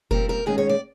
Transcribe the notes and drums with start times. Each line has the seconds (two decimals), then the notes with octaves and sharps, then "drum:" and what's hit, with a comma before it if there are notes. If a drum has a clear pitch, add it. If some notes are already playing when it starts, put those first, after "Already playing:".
0.11 A#2 G3 C4 A#4, drum: kick F1
0.29 A#4
0.46 G#2 D#3 G#3 C#4 G#4
0.58 C#5
0.69 D5